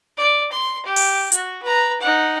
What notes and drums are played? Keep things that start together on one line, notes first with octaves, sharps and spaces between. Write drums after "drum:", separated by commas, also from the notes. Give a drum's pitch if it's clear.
D5
C6
G4
drum: open hi-hat
F#4, drum: hi-hat
B4 A#5
D#4 F#5